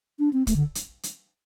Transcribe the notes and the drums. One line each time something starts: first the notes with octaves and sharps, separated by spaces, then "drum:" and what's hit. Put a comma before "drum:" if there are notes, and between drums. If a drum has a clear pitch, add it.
D4
C4
A3, drum: kick, hi-hat
D3
drum: hi-hat
drum: hi-hat